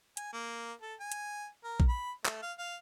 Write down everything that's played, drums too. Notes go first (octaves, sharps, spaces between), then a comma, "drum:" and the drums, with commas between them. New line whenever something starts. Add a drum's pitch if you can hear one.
G#5, drum: hi-hat
A#3
A4
G#5
drum: hi-hat
A#4
drum: kick A#1
B5
A3, drum: clap
F5
F5